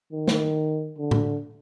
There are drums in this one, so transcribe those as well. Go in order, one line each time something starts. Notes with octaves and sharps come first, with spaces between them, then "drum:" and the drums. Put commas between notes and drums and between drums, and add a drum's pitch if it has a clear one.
D#3
drum: snare
D3
drum: tom A2